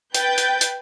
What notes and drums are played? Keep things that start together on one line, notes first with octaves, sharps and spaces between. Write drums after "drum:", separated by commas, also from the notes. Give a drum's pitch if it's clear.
B4 G5 G6 A6, drum: hi-hat
drum: hi-hat
drum: hi-hat